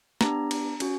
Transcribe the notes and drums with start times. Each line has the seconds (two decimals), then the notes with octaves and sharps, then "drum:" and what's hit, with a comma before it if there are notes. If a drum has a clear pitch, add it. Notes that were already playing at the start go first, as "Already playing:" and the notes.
0.21 B3 D4 G4 A#5, drum: snare
0.51 drum: cymbal
0.80 C#4 F#4, drum: cymbal